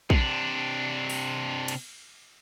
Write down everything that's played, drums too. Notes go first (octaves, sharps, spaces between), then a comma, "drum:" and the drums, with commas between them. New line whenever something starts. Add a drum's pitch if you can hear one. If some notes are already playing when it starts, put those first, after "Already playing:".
C3 D4, drum: kick
drum: open hi-hat
drum: cymbal